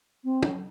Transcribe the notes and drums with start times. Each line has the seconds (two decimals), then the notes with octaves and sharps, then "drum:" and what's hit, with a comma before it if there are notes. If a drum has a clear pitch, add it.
0.24 C4
0.43 C#4, drum: tom